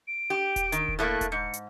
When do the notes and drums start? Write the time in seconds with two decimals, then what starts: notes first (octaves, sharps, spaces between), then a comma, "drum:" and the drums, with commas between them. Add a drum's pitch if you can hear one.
0.08 D7
0.30 G4
0.56 drum: kick D#1, hi-hat
0.72 D#3, drum: hi-hat
0.89 drum: kick D#1
0.99 A2 A3 A#3 F#6
1.21 drum: kick D#1, hi-hat
1.32 G#2 C#7
1.53 drum: hi-hat